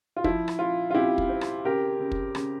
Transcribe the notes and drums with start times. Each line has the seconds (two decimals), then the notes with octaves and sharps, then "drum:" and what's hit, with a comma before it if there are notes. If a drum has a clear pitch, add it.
0.17 F4
0.24 F3 E4, drum: kick
0.48 drum: rim click
0.59 F3 F4
0.91 F4
0.94 C2 E4 G4
1.18 drum: kick
1.29 C4
1.41 drum: rim click
1.65 C#3 G4 A#4
2.00 C#3
2.12 drum: kick
2.35 C#3, drum: rim click